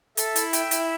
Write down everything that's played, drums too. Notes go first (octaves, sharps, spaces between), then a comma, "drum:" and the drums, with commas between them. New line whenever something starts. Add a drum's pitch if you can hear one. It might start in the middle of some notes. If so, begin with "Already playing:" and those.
A4 E5, drum: hi-hat
E4, drum: hi-hat
G5, drum: hi-hat
E4, drum: hi-hat